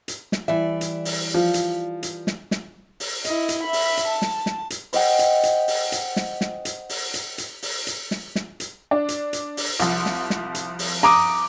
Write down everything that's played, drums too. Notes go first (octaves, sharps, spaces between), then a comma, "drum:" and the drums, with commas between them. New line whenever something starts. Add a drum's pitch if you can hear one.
drum: hi-hat
drum: snare
E3 G3 D5 E5
drum: hi-hat
drum: open hi-hat
F3
drum: hi-hat
drum: hi-hat
drum: snare
drum: snare
drum: open hi-hat
E4 D#5, drum: hi-hat
drum: hi-hat
E5 B5
drum: open hi-hat
drum: hi-hat
A5
drum: snare
drum: snare
drum: hi-hat
C5 D#5 F#5 G5, drum: open hi-hat
drum: hi-hat
drum: hi-hat
drum: open hi-hat
drum: hi-hat
drum: snare
drum: snare
drum: hi-hat
drum: open hi-hat
drum: hi-hat
drum: hi-hat
drum: open hi-hat
drum: hi-hat
drum: snare
drum: snare
drum: hi-hat
D4
drum: hi-hat
drum: hi-hat
drum: open hi-hat
C2 F3, drum: hi-hat
drum: snare
drum: snare
drum: hi-hat
drum: open hi-hat
A#5 D6 D#6